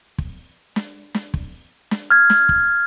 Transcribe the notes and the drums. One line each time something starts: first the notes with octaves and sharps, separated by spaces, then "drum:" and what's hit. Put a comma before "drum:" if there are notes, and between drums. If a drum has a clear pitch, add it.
drum: kick
drum: snare
drum: snare
drum: kick
drum: snare
F6 G#6
drum: snare
drum: kick